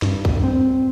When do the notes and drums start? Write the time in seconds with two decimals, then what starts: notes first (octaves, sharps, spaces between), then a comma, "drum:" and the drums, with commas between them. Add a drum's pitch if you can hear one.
0.02 G2, drum: snare
0.25 drum: kick
0.43 C4